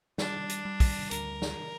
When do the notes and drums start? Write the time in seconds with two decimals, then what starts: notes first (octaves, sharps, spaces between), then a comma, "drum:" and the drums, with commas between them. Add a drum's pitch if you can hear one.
0.18 G3 D4, drum: snare
0.49 drum: hi-hat
0.65 G3
0.80 drum: kick, open hi-hat
1.11 D2 A#4, drum: hi-hat
1.42 drum: snare